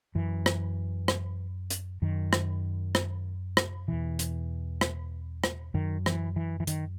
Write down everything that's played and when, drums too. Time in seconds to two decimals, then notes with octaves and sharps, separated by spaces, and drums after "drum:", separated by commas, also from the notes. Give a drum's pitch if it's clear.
0.15 F#2 E3
0.46 drum: rim click
1.08 drum: rim click
1.70 drum: hi-hat
2.02 F#2 D#3
2.33 drum: rim click
2.95 drum: rim click
3.57 drum: rim click
3.88 E2 B2 E3
4.19 drum: hi-hat
4.81 drum: rim click
5.44 drum: rim click
5.74 F#2 D#3
6.06 E3, drum: rim click
6.36 E3
6.60 E3
6.67 D#3, drum: hi-hat